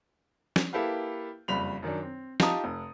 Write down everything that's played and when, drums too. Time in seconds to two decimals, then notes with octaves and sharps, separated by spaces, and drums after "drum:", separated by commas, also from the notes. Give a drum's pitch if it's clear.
0.56 drum: snare
0.73 A#3 E4 G4 A4 B4 F5
1.48 F#1 F2 G3 B5 F7
1.83 F#2 D#3 F#3 D4
2.03 C4
2.40 D#4 F4 G4 A5 A#5 D#6, drum: snare
2.64 F1